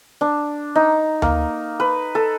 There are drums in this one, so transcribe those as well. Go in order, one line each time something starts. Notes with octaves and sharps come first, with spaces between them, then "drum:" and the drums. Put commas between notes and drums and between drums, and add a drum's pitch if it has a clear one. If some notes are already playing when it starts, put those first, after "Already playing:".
D4
D#4
A#3, drum: tom D2
B4
A4